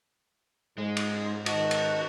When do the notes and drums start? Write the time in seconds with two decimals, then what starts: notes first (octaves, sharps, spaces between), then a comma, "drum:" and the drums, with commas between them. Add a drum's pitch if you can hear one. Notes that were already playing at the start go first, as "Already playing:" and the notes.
0.78 G#2 G#3
0.97 drum: cymbal
1.46 D#3 F#4 D#5 A5 C#6, drum: cymbal
1.71 drum: cymbal